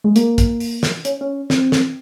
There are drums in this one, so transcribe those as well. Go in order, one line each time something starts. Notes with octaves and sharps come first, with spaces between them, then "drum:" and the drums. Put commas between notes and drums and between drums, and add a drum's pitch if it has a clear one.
G#3
A#3, drum: hi-hat
drum: kick, hi-hat
drum: open hi-hat
drum: snare
C#4, drum: hi-hat
C#4
C4, drum: snare
drum: snare